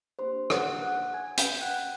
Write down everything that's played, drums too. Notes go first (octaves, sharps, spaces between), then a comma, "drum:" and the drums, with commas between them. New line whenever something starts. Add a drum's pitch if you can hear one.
A#3 D4 G4 C5 C6
F#5 F#6, drum: rim click
F#5 F#6
G#5 G#6
G5 G6, drum: hi-hat
F#5 F#6